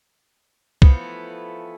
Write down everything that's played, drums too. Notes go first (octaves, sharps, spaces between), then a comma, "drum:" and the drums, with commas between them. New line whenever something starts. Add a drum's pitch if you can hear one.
E3 F3 A3 B3, drum: kick C2